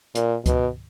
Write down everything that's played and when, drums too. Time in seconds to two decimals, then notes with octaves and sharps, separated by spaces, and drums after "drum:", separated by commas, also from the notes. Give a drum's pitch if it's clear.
0.15 A#2, drum: hi-hat
0.46 B2, drum: kick C#2, hi-hat